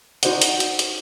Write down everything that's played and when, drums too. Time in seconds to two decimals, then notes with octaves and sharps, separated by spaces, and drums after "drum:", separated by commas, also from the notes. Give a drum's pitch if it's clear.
0.23 D#4 F#4 C5 D5 D#5 F#5, drum: hi-hat
0.42 drum: hi-hat
0.60 drum: hi-hat
0.79 drum: hi-hat